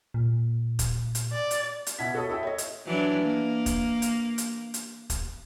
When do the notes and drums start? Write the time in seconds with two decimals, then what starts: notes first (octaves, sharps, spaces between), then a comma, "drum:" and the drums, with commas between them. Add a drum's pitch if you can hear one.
0.14 A#2
0.79 drum: kick, hi-hat
1.15 drum: hi-hat
1.33 D5
1.51 drum: hi-hat
1.87 drum: hi-hat
1.99 B2 E4 F#5 G#6 B6
2.14 F#4 A4 C#5 D#5 A5 D#6
2.29 E4 A4 E5 G5
2.43 C#5 D#5
2.58 drum: hi-hat
2.86 E3 F#3 D4
3.21 A#3
3.66 drum: kick, hi-hat
4.02 drum: hi-hat
4.38 drum: hi-hat
4.74 drum: hi-hat
5.10 drum: kick, hi-hat